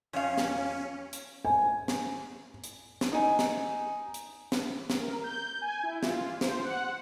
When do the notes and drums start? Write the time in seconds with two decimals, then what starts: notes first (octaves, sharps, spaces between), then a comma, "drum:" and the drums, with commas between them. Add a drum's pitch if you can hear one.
0.13 F2 C#4 F5
0.38 drum: snare
1.13 drum: hi-hat
1.45 G#5
1.88 drum: snare
2.64 drum: hi-hat
3.01 drum: snare
3.12 D#4 G#5
3.39 drum: snare
4.14 drum: hi-hat
4.52 drum: snare
4.90 drum: snare
5.01 A#4
5.24 G6
5.62 G#5
5.83 E4
6.03 F4, drum: snare
6.41 C5, drum: snare
6.64 F#5